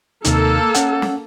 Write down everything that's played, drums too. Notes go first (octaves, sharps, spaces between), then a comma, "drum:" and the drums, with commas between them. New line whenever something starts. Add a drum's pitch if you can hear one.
D#2 C3 A#3 D#4 A4, drum: hi-hat
C#4 F#5, drum: hi-hat
drum: snare